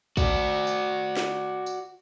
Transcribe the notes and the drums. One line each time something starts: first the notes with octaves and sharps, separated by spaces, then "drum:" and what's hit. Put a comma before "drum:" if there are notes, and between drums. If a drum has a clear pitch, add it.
F#4 D5, drum: kick, tambourine
drum: tambourine
drum: snare
drum: tambourine